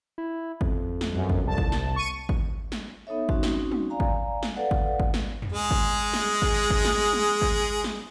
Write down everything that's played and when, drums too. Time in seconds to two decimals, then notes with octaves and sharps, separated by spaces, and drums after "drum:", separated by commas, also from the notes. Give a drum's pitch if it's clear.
0.18 E4
0.61 F2, drum: kick G#1
1.01 drum: snare
1.13 B1 F#2
1.30 drum: kick G#1
1.44 C2 A5
1.58 drum: kick G#1
1.72 drum: snare
1.96 C#6 D#7
2.29 drum: kick G#1
2.72 drum: snare
3.07 B3 D#4 A4 C#5 E5
3.29 C4 C#4 D#4 F#4, drum: kick G#1
3.43 drum: snare
3.71 drum: tom
3.90 D5 F5 G#5 A#5
4.00 drum: kick G#1
4.43 drum: snare
4.56 A4 B4 D5 F5 F#5
4.71 drum: kick G#1
5.00 drum: kick G#1
5.14 drum: snare
5.42 drum: tom
5.52 G#3 G#4
5.71 drum: kick G#1
6.13 drum: snare
6.42 drum: kick G#1
6.70 drum: kick G#1
6.85 drum: snare
7.13 drum: tom
7.42 drum: kick G#1
7.84 drum: snare